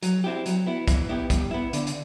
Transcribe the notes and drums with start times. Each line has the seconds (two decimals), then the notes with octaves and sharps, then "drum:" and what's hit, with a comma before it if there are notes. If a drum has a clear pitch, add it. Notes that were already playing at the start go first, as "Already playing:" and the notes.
0.03 F#3, drum: hi-hat
0.24 C4 E4 G4
0.46 F#3, drum: hi-hat
0.67 B3 E4
0.88 E3, drum: kick, hi-hat
1.09 B3 E4 G4
1.30 G3, drum: kick, hi-hat
1.51 B3 E4
1.73 D3, drum: hi-hat
1.87 drum: hi-hat